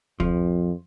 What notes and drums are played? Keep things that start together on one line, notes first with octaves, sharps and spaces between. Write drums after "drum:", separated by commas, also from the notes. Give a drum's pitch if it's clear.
F2 F3, drum: kick